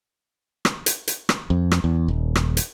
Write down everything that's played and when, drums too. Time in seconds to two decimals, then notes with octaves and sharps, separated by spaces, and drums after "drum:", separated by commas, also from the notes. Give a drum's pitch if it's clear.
0.65 drum: rim click
0.86 drum: hi-hat
1.08 drum: hi-hat
1.29 drum: rim click
1.50 F2
1.71 drum: rim click
1.84 E2
2.08 D#1
2.35 drum: rim click
2.57 drum: hi-hat